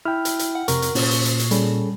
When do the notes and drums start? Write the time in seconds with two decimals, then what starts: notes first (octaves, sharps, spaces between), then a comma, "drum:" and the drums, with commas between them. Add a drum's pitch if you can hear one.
0.05 E4 G5 F6
0.25 drum: hi-hat
0.39 drum: hi-hat
0.55 F#5
0.68 F2 C3 A#4 C#6, drum: hi-hat
0.82 drum: hi-hat
0.95 A#2 C#4 C5, drum: open hi-hat
1.11 drum: hi-hat
1.25 drum: hi-hat
1.39 drum: hi-hat
1.51 G3 C#4 G#4 A4, drum: hi-hat